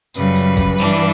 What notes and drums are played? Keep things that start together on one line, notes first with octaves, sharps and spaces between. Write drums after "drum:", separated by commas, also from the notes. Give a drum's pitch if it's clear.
F#2 C#3 G3 B4, drum: tambourine
drum: tambourine
drum: kick G#1, tambourine
G2 E3 G3 D4, drum: tambourine